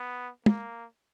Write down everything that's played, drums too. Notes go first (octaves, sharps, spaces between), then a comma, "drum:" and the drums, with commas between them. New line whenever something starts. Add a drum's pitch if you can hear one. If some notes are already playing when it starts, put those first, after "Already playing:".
Already playing: B3
A#3, drum: tom